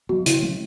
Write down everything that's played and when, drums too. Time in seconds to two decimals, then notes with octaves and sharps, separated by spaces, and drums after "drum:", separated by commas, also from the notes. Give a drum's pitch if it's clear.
0.09 F#3 B3 F#4
0.26 C#3 E4, drum: hi-hat
0.42 F#3 A3 C#4